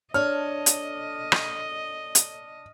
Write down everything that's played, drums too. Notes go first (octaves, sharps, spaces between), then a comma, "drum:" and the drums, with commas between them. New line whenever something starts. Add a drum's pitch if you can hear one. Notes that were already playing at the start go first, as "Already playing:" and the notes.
D4 A4 C#5 D#5 F6
drum: hi-hat
drum: rim click
drum: hi-hat